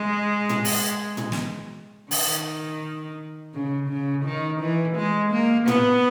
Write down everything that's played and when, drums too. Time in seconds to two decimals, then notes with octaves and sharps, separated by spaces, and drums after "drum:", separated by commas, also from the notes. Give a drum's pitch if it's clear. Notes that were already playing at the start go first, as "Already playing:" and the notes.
Already playing: G#3
0.49 drum: tom A2
0.65 drum: open hi-hat
1.17 drum: tom A2
1.32 drum: snare
2.11 D#3, drum: open hi-hat
3.54 C#3
3.89 C#3
4.25 D#3
4.60 E3
4.96 G#3
5.32 A#3
5.68 B3, drum: tom A2